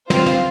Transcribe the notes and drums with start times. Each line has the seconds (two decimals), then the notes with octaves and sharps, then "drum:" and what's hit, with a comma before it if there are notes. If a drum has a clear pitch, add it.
0.10 C4 F4 C5, drum: snare
0.26 drum: snare